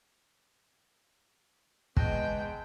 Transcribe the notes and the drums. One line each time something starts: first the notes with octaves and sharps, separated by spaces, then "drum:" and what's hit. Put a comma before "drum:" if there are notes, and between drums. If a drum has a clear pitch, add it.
E2 G#3 B3 D#5 G5 A5 F#6 A#6, drum: kick